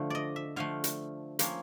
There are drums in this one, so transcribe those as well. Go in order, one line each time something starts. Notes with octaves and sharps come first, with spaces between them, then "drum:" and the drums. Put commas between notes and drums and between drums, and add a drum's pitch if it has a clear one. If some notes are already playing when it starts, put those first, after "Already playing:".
Already playing: D3 F3 A3
D5 D#5
E5
D3 F3 A3 F5
drum: hi-hat
F3 A#3 C#4, drum: hi-hat